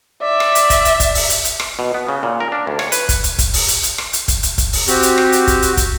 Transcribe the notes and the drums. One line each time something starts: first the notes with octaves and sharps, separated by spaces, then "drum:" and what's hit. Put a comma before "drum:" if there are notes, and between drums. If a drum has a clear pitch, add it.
D5 E5
drum: rim click
drum: hi-hat
drum: kick, hi-hat
drum: hi-hat
drum: kick, hi-hat
drum: open hi-hat
drum: hi-hat
drum: hi-hat
drum: rim click
B2
B3
C#3
A#2
A#4
D4
D2
C#5, drum: rim click
B4, drum: hi-hat
drum: kick, hi-hat
drum: hi-hat
drum: kick, hi-hat
drum: open hi-hat
drum: hi-hat
drum: hi-hat
drum: rim click
drum: hi-hat
drum: kick, hi-hat
drum: hi-hat
drum: kick, hi-hat
drum: open hi-hat
C4 F#4 G4, drum: hi-hat
drum: hi-hat
drum: rim click
drum: hi-hat
drum: kick, hi-hat
drum: hi-hat
drum: kick, hi-hat